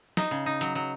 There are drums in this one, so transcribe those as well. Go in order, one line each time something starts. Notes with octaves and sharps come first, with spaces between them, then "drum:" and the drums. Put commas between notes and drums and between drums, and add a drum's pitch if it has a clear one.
D#4, drum: snare
C#3
D#4
F#3, drum: hi-hat
F#3